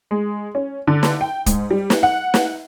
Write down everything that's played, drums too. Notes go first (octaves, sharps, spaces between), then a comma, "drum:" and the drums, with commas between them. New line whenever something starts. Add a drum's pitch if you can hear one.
G#3
C#4
D3
drum: snare
G5
G#2, drum: kick, hi-hat
G3
drum: snare
F#5
drum: snare